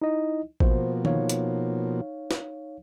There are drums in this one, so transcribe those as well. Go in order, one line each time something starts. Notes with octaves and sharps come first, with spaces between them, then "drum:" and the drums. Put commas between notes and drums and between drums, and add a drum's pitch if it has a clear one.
D#4 E4 D#5
B2 F3 A#3 C5, drum: kick A1
D#4 C#5 F5, drum: tom D#3
drum: hi-hat
drum: snare